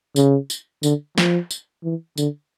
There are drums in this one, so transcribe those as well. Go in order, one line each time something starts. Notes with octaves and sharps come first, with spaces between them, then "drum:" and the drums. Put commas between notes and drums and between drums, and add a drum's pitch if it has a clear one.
C#3, drum: tambourine
drum: tambourine
D3, drum: tambourine
F3, drum: snare
drum: tambourine
E3
D3, drum: tambourine